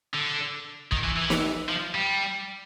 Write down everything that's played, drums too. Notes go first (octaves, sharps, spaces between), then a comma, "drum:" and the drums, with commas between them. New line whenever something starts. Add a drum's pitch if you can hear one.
D3
D#3, drum: kick
E3
E3
drum: snare
F3
G3